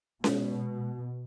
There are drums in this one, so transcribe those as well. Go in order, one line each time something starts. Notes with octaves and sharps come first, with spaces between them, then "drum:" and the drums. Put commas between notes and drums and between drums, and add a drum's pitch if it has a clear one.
B2 G#3, drum: snare C#4